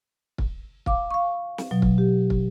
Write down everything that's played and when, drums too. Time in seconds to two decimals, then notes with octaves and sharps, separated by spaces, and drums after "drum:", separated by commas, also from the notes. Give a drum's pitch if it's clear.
0.38 drum: kick
0.86 F5 D6, drum: kick
1.11 F5 C#6
1.58 drum: snare
1.71 B2 F#3
1.82 drum: kick
1.98 G4
2.30 drum: kick